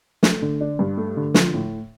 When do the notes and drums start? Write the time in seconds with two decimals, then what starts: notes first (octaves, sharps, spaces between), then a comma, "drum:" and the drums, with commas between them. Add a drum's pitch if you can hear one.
0.23 A3, drum: snare
0.42 D3
0.61 D4
0.79 G2
0.97 A3
1.17 D3
1.34 F3, drum: snare
1.54 A2